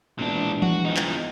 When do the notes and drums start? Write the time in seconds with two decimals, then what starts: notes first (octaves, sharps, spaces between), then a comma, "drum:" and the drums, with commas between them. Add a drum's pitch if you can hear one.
0.18 E1 A#2 D4
0.62 F#4, drum: tom E3
0.85 F3 D#4
0.97 drum: clap